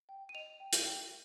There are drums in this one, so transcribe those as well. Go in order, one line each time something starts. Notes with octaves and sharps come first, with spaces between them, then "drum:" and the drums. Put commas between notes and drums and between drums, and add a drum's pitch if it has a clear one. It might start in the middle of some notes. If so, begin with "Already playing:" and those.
G5
D#7
D#5 F7
G5
D#7, drum: hi-hat
G5